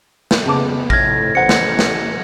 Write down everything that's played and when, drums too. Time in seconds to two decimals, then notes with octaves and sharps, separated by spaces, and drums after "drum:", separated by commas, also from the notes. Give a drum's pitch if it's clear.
0.31 drum: snare
0.46 F2 C#3 B3 A5 D6
0.90 F2 A2 F6 G#6 A#6, drum: kick A1
1.35 A1 C5 F#5 C#7
1.49 drum: snare
1.79 drum: snare